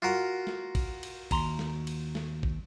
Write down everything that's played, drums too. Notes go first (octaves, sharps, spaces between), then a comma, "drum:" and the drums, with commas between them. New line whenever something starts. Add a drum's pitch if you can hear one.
F4 F#4 A#4
drum: snare
drum: kick, cymbal
drum: cymbal
D#2 A#5 C6, drum: kick, cymbal
drum: snare
drum: cymbal
drum: snare
drum: kick